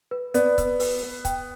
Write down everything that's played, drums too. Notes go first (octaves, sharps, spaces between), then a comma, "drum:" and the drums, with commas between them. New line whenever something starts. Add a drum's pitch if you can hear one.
B4
B3 D5, drum: hi-hat
B4, drum: kick C#1, hi-hat
B4, drum: open hi-hat
B4
G5, drum: kick C#1, hi-hat